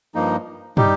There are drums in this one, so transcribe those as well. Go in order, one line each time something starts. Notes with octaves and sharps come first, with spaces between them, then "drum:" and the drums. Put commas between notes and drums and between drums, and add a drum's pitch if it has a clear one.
G2 F3 A#3 D#4
G3 D#4 G4, drum: tom